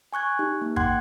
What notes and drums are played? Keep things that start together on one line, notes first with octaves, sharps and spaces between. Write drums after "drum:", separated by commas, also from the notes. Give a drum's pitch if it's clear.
G#5 C#6 F#6 G#6
D#4 G4
A#3
F#5 G5 C6 D6 F#6 G#6, drum: kick G#1